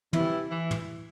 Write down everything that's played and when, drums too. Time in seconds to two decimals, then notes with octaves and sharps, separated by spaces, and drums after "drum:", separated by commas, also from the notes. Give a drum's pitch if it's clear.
0.13 C3 E3 G3 E4, drum: tom
0.50 E3 E4
0.71 drum: tom